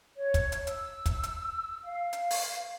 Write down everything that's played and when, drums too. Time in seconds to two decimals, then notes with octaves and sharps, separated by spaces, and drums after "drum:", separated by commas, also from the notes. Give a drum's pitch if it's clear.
0.16 C#5
0.34 drum: kick, hi-hat
0.52 drum: hi-hat
0.67 E6, drum: hi-hat
1.06 drum: kick, hi-hat
1.23 drum: hi-hat
1.84 F5
2.13 drum: hi-hat
2.31 drum: open hi-hat